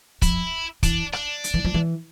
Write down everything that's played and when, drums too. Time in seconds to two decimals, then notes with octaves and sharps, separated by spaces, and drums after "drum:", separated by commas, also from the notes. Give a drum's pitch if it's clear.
0.22 F3 E4, drum: kick, hi-hat
0.83 E3 D4, drum: kick, hi-hat
1.13 D4, drum: rim click
1.44 drum: hi-hat
1.54 E3
1.65 F3
1.74 E3